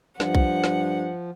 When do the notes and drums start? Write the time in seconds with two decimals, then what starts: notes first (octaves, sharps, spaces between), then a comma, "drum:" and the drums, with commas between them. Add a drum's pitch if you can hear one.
0.20 G2 F3 F#5, drum: snare
0.35 drum: kick B1
0.64 drum: snare